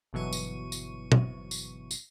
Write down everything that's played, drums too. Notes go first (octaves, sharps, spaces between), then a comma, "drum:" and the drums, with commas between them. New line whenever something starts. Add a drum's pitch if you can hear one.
G1 B2 E3 F#3 C#6 D#7
drum: tambourine
drum: tambourine
drum: tom
drum: tambourine
drum: tambourine